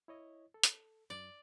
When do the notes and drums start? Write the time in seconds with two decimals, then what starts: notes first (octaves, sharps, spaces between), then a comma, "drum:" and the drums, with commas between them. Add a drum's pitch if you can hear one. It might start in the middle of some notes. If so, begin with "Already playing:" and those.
0.08 E4 C#5 D#5
0.54 A4
0.63 drum: hi-hat
1.10 F#2 D5